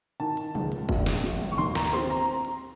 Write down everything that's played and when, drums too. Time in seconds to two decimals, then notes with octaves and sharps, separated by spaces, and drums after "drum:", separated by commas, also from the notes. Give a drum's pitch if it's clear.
0.20 D#3 A5
0.37 drum: hi-hat
0.55 C#2, drum: tom
0.72 drum: hi-hat
0.89 A#1, drum: kick
1.06 drum: snare
1.24 A#1
1.41 drum: tom
1.52 C#6
1.58 D#2 C6
1.75 A#5, drum: snare
1.93 C4 C6, drum: tom
2.10 A#5
2.45 drum: hi-hat